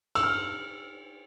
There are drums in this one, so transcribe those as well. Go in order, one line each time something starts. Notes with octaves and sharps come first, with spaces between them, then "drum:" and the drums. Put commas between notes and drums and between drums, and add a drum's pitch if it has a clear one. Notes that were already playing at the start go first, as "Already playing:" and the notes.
E6, drum: cymbal
F6